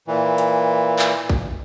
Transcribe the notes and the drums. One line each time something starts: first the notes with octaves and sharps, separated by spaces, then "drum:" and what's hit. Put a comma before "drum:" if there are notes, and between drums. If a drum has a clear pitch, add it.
A#2 E3
drum: hi-hat
drum: clap
drum: kick